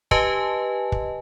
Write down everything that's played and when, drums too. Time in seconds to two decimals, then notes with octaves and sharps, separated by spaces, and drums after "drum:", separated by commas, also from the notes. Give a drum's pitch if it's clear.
0.11 G4 B4 D#5 G#5 A5, drum: kick
0.92 drum: kick